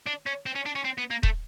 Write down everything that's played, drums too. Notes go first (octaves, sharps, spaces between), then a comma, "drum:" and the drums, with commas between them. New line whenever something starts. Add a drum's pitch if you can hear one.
D4
C#4
C4
C#4
D4
C#4
C4
B3
A#3
A3, drum: kick D#1